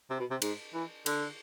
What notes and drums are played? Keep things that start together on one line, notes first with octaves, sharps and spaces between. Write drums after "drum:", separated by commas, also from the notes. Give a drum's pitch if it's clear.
C3
B2
C3
G#2, drum: cymbal
E3
D3, drum: cymbal